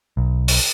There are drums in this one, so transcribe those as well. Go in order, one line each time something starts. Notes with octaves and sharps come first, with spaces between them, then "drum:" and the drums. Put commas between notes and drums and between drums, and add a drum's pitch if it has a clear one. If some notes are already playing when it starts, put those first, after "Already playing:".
B1
drum: open hi-hat